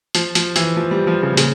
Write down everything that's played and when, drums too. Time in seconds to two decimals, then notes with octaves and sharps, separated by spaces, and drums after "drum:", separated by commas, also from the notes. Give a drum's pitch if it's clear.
0.15 F3, drum: hi-hat
0.35 F3, drum: hi-hat
0.56 E3, drum: hi-hat
0.76 F3
0.91 G3
1.07 F3
1.22 C#3
1.33 A#2
1.37 C#3, drum: hi-hat